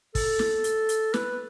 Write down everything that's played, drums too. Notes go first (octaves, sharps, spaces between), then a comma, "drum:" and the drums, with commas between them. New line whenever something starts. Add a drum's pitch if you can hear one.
A4, drum: kick, open hi-hat
drum: snare
drum: hi-hat
drum: hi-hat
B4, drum: snare